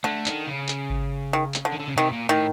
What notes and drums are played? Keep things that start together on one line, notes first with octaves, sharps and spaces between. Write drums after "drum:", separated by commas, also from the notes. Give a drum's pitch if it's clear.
D3 A3
D#3, drum: clap
C#3
drum: clap
drum: kick G#1
D#3
drum: clap
D3
D#3
D3
C#3
C3 D#3
A#2
A2 D#3